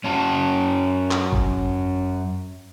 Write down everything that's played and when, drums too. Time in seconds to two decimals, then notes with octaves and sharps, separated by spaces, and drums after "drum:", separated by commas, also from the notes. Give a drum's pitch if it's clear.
0.04 F#2 C#4 F#4 A5
1.11 drum: clap
1.33 drum: kick